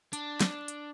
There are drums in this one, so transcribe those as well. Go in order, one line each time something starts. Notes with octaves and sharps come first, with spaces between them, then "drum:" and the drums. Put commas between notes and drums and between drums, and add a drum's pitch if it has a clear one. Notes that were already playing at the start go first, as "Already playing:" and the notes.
D4, drum: hi-hat
drum: snare
drum: hi-hat